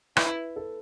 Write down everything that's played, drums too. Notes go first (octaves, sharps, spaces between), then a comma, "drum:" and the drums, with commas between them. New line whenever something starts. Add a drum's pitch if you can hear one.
E4 B4, drum: rim click
A4